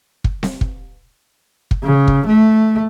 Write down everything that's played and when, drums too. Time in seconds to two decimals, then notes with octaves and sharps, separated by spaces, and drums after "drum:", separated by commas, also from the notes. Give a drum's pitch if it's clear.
0.24 drum: kick
0.43 drum: snare C4
0.61 drum: kick
1.71 drum: kick
1.83 C#3
2.08 drum: kick
2.26 A3